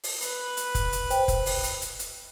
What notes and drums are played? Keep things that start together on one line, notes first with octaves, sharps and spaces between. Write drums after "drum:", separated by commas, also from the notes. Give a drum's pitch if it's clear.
drum: open hi-hat
B4, drum: hi-hat
drum: hi-hat
drum: kick F1, hi-hat
drum: hi-hat
C5 G5, drum: hi-hat
drum: kick F1, hi-hat
drum: open hi-hat
drum: hi-hat
drum: hi-hat
drum: hi-hat